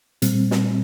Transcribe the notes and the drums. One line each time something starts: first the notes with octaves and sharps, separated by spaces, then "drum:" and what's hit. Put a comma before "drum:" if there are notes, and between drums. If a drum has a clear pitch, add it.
A#2 G3 C4, drum: hi-hat
drum: snare